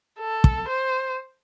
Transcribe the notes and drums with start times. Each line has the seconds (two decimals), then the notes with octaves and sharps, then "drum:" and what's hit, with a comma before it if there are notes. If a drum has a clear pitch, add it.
0.20 A4
0.44 drum: kick
0.68 C5